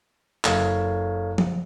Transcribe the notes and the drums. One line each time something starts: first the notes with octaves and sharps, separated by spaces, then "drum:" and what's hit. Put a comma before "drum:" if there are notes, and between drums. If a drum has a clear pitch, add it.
F#1 A4 C#5 F5, drum: clap
drum: tom F3